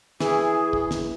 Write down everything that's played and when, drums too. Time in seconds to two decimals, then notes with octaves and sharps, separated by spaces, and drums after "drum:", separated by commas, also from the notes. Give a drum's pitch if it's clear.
0.20 E3 G#4, drum: snare
0.73 drum: kick
0.91 drum: snare